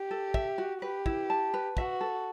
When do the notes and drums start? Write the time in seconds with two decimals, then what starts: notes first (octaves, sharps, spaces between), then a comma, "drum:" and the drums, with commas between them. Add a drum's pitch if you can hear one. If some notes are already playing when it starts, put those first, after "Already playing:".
Already playing: G4
0.11 A4
0.34 E5, drum: kick
0.58 F#4
0.82 G4 B4
1.06 E4, drum: kick
1.30 A5
1.54 B4
1.77 F#4 E5, drum: kick
2.01 A4